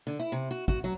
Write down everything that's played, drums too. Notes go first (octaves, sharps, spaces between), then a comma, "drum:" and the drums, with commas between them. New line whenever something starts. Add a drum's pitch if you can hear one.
D3
E4
C3
F#4
F#4, drum: kick
F#3